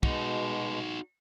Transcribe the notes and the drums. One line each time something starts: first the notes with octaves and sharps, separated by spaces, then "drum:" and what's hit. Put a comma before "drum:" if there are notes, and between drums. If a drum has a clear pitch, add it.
B2 G#3 D#4 F#4, drum: kick